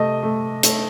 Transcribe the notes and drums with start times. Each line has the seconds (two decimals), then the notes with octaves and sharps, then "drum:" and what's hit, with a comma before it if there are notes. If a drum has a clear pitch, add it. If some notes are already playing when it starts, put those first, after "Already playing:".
Already playing: C3 A3 D#5
0.23 A3
0.63 A3, drum: hi-hat